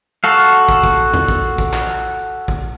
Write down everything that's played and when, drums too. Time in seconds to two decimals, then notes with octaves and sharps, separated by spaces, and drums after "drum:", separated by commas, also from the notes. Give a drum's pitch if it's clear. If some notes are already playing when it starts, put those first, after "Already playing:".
0.24 F#4 A4 F5
0.69 drum: kick
0.84 drum: kick
1.13 drum: tom E2
1.28 drum: kick
1.58 drum: kick
1.73 drum: clap
2.48 drum: kick